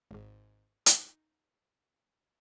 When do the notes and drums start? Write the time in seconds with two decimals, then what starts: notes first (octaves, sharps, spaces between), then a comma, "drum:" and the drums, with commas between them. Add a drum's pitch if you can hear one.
0.11 G#1 G#2
0.86 D#4, drum: hi-hat